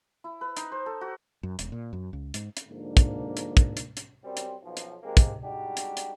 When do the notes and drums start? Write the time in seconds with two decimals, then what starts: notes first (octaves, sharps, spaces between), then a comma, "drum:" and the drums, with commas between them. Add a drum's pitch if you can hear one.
0.24 E4
0.41 B4
0.57 D#4, drum: hi-hat
0.72 C5
0.86 A4
1.01 F#4
1.43 F#2
1.59 E1, drum: hi-hat
1.72 A#2
1.93 F#2
2.13 C#2
2.34 G#2, drum: hi-hat
2.57 drum: hi-hat
2.69 G#2 D3 F3 A#3 D4
2.97 drum: kick, hi-hat
3.37 drum: hi-hat
3.57 drum: kick, hi-hat
3.77 drum: hi-hat
3.97 drum: hi-hat
4.23 F#2 G3 C4
4.37 drum: hi-hat
4.63 B1 F3
4.77 drum: hi-hat
5.03 D#3 G#3 A#3 C4 G4 A#4
5.17 drum: kick, hi-hat
5.41 G3 G#3 D4 D#4 F#4 G4
5.77 drum: hi-hat
5.97 drum: hi-hat